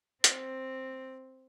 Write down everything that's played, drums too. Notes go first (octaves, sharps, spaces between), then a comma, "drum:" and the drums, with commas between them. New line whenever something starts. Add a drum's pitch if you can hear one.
C4, drum: hi-hat